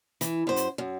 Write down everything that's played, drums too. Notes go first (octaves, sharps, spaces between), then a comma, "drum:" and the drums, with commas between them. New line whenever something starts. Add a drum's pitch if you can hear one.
E3, drum: hi-hat
F#2 C5
drum: hi-hat
F#2